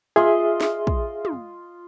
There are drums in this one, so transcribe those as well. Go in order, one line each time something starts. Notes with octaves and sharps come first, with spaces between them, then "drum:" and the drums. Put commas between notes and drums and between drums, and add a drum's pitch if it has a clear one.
F4 G#4 D#5 E5
drum: snare
drum: kick
drum: tom